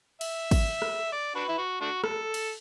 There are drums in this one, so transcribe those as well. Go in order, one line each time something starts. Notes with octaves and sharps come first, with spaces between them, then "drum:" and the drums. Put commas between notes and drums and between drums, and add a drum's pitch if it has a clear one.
E5, drum: cymbal
drum: kick, cymbal
drum: rim click
D5
D4 F#4 B4
E4
F#4
A3 D4 F#4
A4, drum: rim click
drum: cymbal